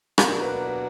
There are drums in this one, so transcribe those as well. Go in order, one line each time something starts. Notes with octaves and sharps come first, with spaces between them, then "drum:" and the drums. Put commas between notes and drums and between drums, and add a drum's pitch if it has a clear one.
B2 F#3 A#3 D4 F#4 A#4, drum: rim click
B4
B4